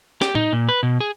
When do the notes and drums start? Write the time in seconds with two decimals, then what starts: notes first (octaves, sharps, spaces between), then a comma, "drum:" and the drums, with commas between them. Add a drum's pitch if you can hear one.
0.22 G4, drum: snare
0.35 D#4, drum: tom A2
0.52 A#2
0.69 B4
0.83 B2
1.00 G#4